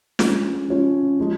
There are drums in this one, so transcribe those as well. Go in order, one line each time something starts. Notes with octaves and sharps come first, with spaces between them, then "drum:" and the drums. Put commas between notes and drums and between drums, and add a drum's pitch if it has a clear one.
F3 G#3 C#4 F4, drum: snare
F3 G#3 C#4 F4
F3 G#3